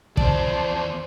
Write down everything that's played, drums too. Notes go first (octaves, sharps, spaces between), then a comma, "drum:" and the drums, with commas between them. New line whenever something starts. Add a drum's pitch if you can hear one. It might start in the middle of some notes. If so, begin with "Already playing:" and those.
E2 C5 D5 A5, drum: kick